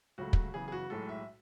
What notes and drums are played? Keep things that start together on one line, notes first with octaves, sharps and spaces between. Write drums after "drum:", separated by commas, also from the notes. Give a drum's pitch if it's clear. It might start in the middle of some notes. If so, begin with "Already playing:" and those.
C#2 C#3 F#3 A3 F#4
drum: kick
F#2 C#3 E3 B3 G#4
G#4
F#4
B1 A2 G#3 A4
E5